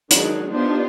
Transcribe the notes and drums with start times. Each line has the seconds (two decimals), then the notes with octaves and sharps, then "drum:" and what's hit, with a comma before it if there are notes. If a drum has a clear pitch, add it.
0.11 D#3 F#3 G#3 D4 D#4, drum: hi-hat
0.50 B3 D4 D#4 F4 G4 C5